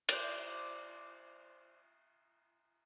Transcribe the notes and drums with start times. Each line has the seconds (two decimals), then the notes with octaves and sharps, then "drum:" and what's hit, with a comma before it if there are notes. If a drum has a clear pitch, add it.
0.09 C5 D5, drum: cymbal